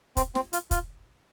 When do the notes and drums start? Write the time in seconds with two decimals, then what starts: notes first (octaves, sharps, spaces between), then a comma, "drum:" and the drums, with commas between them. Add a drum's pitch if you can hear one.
0.17 C4, drum: kick, hi-hat
0.35 C4, drum: snare
0.53 F4, drum: hi-hat
0.71 F4, drum: kick, hi-hat